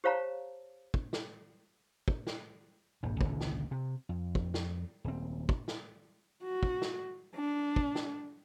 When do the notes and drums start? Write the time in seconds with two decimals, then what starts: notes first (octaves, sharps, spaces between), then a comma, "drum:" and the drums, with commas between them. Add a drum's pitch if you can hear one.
0.04 G4 C5 C#5 F5 A5 A#5
0.94 drum: kick
1.13 drum: snare
2.08 drum: kick
2.27 drum: snare
3.03 D#1 G#1 G2
3.21 G#1 C#2 A#2 D3, drum: kick
3.40 drum: snare
3.71 C3
4.09 F2
4.35 drum: kick
4.54 drum: snare
5.04 D#1 C4
5.49 drum: kick
5.68 drum: snare
6.44 F#4
6.63 drum: kick
6.82 drum: snare
7.35 D4
7.76 drum: kick
7.95 drum: snare